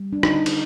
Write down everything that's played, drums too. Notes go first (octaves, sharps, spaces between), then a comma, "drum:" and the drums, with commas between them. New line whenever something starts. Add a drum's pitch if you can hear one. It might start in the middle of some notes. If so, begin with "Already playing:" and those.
Already playing: G3
D4
D3 D#4, drum: rim click
drum: cymbal